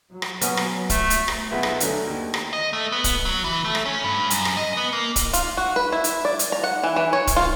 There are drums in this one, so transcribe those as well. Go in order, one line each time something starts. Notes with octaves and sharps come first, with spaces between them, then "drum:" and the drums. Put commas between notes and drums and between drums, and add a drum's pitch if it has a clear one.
F#3
drum: rim click
B3 C#4, drum: hi-hat
drum: rim click
A3, drum: kick, hi-hat
drum: hi-hat
drum: rim click
B1 B3 F4 G#4 E5 F#5
drum: rim click
D3 F#3 A3 C#4, drum: hi-hat
D#2
drum: rim click
D#5
A3
B3
drum: kick, hi-hat
F#3
E3
A3
drum: rim click
C#4
G2
F#2, drum: hi-hat
drum: rim click
D#5
B3
A#3
drum: kick, hi-hat
F4, drum: hi-hat
F#4
B4
E4
drum: hi-hat
D5
drum: hi-hat
A#5
F#5
E3
E3
C#5
drum: kick, hi-hat
F4